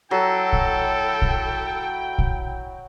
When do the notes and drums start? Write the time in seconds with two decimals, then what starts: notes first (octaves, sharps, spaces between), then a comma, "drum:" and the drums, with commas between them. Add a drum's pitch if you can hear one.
0.11 F#3 E4 A4 G5
0.53 drum: kick A#1
1.22 drum: kick A#1
2.18 drum: kick A#1